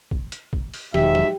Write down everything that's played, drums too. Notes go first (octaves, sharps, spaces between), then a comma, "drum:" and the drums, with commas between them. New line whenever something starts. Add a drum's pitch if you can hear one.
drum: kick
drum: hi-hat
drum: kick
drum: open hi-hat
E1 G#2 D#3 F#3 G4 E5, drum: snare
drum: snare